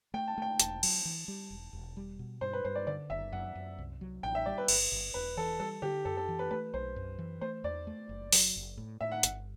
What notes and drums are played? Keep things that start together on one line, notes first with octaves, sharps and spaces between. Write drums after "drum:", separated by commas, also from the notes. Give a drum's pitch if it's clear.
A3 G5
A5
A3 G5
E1 A5, drum: hi-hat
F#3, drum: cymbal
E3
G3
E1
E1
G3
B2
G2 C5
B4
G2 C5
D5
D3 D5
F#1 E5
F#2 F#5
F#2
C2
F#3
A1 G5
E5
G3 D5
B4
G1, drum: cymbal
G1
E1 B4
E3 A4
G3 A4
D3 G4
F#2 A4
A4
E3
B4
A3 B4
B1 C5
F#2
E3
A3 C5
E2 D5
A3
F#1
F#3, drum: open hi-hat
F#1
A2
A2 E5
F#5
G1, drum: hi-hat